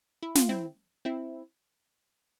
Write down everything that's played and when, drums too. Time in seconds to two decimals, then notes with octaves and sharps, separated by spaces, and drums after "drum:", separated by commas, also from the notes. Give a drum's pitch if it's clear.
0.23 E4
0.35 F4, drum: snare
0.49 C4 E4
1.05 C4 E4